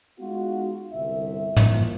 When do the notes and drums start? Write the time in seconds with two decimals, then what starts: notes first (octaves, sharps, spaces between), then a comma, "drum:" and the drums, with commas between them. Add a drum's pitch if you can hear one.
0.19 G#3 B3 D#4 F4 F#4
0.92 G1 C2 E5
1.57 E3 F3 A#3, drum: tom